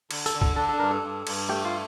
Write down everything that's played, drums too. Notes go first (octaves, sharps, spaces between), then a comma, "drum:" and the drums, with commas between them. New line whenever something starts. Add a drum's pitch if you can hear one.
D3, drum: cymbal
A4, drum: tambourine
D3
A4, drum: kick B1
D4 A4
A4
G2 A#4
A4
G2
G2, drum: cymbal
A3 G4
F4